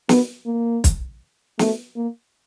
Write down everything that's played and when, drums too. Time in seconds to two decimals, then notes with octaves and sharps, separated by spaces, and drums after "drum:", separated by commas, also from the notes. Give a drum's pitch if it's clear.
0.09 B3, drum: snare
0.46 A#3
0.84 drum: kick, hi-hat
1.59 A3, drum: snare
1.96 A#3